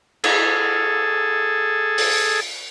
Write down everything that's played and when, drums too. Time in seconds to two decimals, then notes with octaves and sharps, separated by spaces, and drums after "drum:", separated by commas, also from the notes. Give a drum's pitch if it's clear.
0.24 G#4 A4, drum: cymbal
1.98 drum: open hi-hat